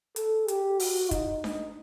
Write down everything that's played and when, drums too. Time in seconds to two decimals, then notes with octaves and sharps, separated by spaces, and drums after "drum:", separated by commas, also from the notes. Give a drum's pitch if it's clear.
0.16 A4, drum: hi-hat
0.48 G4, drum: hi-hat
0.80 F#4, drum: open hi-hat
1.11 D#4, drum: kick, hi-hat
1.44 drum: snare D4